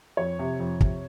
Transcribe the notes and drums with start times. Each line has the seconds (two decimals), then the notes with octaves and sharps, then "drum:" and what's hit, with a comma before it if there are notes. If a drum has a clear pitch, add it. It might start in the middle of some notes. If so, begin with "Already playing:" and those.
0.17 F2 C#5
0.39 C3
0.59 F2
0.81 C3, drum: kick